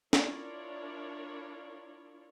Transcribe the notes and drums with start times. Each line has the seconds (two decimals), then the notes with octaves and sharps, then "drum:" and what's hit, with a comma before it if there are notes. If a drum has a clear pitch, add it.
0.13 D4 E4 F4 A#4 C#5 D5, drum: snare